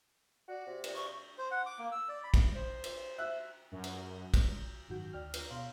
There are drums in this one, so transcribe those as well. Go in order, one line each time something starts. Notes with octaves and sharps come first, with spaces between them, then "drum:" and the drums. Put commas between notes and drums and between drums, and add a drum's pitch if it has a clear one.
F#4 D5
C3
drum: cymbal
C#6
C5
F#5
D6
A#3
E6
D5
B5
drum: kick, cymbal
C5
drum: cymbal
E5 F#6
F#2
drum: cymbal
drum: kick, cymbal
G#1 F#2 D#3 F#4 G6
D2 D5 G5 F6
drum: cymbal
B2 C#5 F5 C6